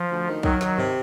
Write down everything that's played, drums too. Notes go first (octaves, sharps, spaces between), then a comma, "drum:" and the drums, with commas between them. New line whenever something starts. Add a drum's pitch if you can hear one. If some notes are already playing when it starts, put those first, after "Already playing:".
Already playing: F3
D2
D#3
D#3 F#3, drum: kick B1
D#3, drum: snare
C3, drum: tom G2